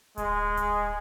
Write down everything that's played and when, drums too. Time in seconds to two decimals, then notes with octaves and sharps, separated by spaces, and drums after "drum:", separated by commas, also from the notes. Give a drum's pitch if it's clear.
0.18 G#3, drum: kick D1, hi-hat
0.57 drum: kick D1, hi-hat